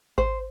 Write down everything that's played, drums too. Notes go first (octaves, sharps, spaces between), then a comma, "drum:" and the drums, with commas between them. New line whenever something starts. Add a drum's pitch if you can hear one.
C5, drum: kick G#1